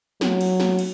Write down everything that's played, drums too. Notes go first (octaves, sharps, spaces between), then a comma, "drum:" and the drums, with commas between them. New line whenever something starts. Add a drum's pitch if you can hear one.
F#3, drum: snare
drum: cymbal
drum: snare
drum: cymbal